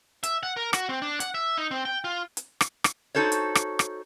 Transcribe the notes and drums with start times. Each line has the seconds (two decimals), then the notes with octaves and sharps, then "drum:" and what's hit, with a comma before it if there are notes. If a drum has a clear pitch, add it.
0.23 E5, drum: hi-hat
0.43 F#5
0.57 A#4
0.73 F#4, drum: rim click
0.89 C4
1.02 D4
1.20 F#5, drum: hi-hat
1.34 E5
1.57 D#4
1.71 C4
1.85 G5
2.04 F4
2.37 drum: hi-hat
2.61 drum: rim click
2.84 drum: rim click
3.15 D#4 F#4 A4 C5 C#5
3.32 drum: hi-hat
3.55 drum: rim click
3.79 drum: rim click